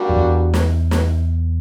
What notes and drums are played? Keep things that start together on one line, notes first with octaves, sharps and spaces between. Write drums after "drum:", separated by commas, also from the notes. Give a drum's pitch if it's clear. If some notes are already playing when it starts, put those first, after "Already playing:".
Already playing: G3 A#3 D4 F#4
F2
E2
drum: snare
drum: snare